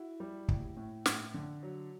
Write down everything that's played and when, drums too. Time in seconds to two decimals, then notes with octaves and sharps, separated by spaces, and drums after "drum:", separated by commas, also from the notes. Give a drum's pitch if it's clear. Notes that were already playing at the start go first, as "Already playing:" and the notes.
Already playing: E4 F#4
0.20 G3
0.48 A2, drum: kick
0.77 A2
1.06 A2, drum: snare
1.34 D3
1.63 F#3